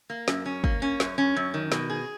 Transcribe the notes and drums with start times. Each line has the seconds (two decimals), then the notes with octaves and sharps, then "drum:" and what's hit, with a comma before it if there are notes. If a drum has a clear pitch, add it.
0.10 A#3
0.28 F#2, drum: snare
0.46 C#4
0.64 A#3, drum: kick
0.82 C#4
1.00 F#2, drum: snare
1.18 C#4
1.36 F#2
1.54 D#3
1.72 B2, drum: snare
1.90 G#4